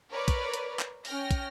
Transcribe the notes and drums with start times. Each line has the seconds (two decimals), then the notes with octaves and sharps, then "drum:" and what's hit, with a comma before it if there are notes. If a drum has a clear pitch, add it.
0.11 A#4 B4 C#5 D5
0.28 drum: kick, hi-hat
0.54 drum: hi-hat
0.79 drum: clap
1.05 C#4 G5 F6 A#6, drum: open hi-hat
1.31 drum: kick, hi-hat